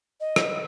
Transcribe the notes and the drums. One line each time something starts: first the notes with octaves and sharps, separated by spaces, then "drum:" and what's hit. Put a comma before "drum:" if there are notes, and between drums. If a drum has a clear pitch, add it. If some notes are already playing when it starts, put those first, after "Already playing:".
D#5
drum: rim click